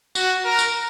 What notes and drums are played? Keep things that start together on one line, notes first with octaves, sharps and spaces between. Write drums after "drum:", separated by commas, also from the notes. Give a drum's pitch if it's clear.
F#4, drum: tambourine
A#4
drum: tambourine